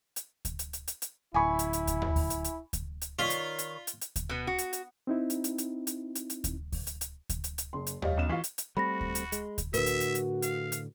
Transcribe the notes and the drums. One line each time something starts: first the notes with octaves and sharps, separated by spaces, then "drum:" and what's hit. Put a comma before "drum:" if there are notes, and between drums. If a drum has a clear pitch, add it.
drum: hi-hat
drum: kick D2, hi-hat
drum: hi-hat
drum: hi-hat
drum: hi-hat
drum: hi-hat
D1 E4 G#5 B5 C#6
drum: hi-hat
drum: hi-hat
drum: kick D2, hi-hat
drum: tom D#2
drum: kick D2, open hi-hat
drum: hi-hat
drum: hi-hat
drum: kick D2, hi-hat
drum: hi-hat
D#3 F4 B4 C#5 D5 B6 C7
drum: hi-hat
drum: hi-hat
drum: hi-hat
drum: hi-hat
drum: kick D2, hi-hat
B2 B3
F#4
drum: hi-hat
drum: hi-hat
C4 D#4 E4
drum: hi-hat
drum: hi-hat
drum: hi-hat
drum: hi-hat
drum: hi-hat
drum: hi-hat
drum: kick D2, hi-hat
drum: kick D2, open hi-hat
drum: hi-hat
drum: hi-hat
drum: kick D2, hi-hat
drum: hi-hat
drum: hi-hat
F#1 C6
drum: hi-hat
G3 C#5 D#5 F5, drum: tom D#2
B1 F#2 E7
E3 F4 C#6 B6 C7
drum: hi-hat
drum: hi-hat
G3 A3 C4 F#4 B5 A#6
drum: kick D2
drum: hi-hat
G#3, drum: hi-hat
drum: kick D2, hi-hat
A2 D3 F#4 A#4 B4 E5, drum: hi-hat
drum: hi-hat
drum: hi-hat
drum: hi-hat
F5, drum: hi-hat
drum: hi-hat